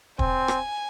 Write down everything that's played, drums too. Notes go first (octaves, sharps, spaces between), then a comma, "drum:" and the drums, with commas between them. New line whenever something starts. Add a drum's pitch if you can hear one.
C4 G#5, drum: kick
drum: rim click